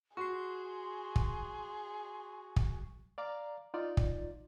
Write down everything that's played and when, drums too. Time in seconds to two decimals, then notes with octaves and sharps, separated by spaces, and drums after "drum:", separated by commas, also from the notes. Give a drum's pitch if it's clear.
0.17 F#4 G#4 C6 C#6 C7
1.16 drum: kick
2.56 drum: kick
3.18 D5 F5 A#5 D6
3.74 D#4 F4 D5
3.97 drum: kick